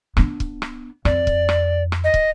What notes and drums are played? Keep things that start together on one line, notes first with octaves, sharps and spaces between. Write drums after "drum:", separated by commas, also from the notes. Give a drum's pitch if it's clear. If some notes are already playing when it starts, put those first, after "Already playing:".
B3 D4, drum: rim click
drum: kick
drum: rim click
F2 D5, drum: rim click
drum: kick
drum: rim click
drum: rim click
D#5
drum: kick